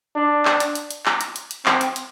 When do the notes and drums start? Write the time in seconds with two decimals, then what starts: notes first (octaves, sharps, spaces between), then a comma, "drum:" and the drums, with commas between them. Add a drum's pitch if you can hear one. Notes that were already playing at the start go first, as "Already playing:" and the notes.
0.16 D4
0.45 drum: clap
0.60 drum: hi-hat
0.75 drum: hi-hat
0.91 drum: hi-hat
1.06 drum: clap
1.21 drum: hi-hat
1.36 drum: hi-hat
1.51 drum: hi-hat
1.66 C4, drum: clap
1.81 drum: hi-hat
1.96 drum: hi-hat